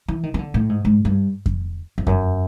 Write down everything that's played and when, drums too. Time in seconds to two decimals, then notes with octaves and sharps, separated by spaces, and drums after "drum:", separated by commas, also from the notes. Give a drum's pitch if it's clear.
0.08 E3
0.23 D#3
0.34 D#3
0.39 D3
0.54 A2
0.69 G#2
0.85 G#2
1.05 G2
1.46 drum: kick F2
1.98 F2
2.07 F#2, drum: kick F2